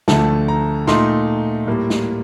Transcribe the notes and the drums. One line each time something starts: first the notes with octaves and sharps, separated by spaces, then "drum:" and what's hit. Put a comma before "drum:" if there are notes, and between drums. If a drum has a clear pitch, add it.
D2 D3 F3 A3 A5, drum: snare
A#5
A#2 A3 D#4 C6, drum: snare
A2 G3 A#3
drum: snare